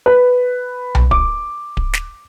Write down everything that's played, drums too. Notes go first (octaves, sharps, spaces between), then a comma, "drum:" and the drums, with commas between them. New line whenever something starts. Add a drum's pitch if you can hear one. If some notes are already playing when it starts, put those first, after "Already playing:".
B4
drum: tom B1
D6, drum: kick D1
drum: kick D1
drum: snare